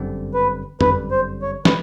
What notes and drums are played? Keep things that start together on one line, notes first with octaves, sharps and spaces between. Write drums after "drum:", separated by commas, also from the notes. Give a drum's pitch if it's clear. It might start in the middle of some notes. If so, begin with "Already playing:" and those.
Already playing: G1 F#2 D3 G3 C4
B4
G1 F#2 D3 G3 C4 B4, drum: tom F2
C5
C#5
B4, drum: snare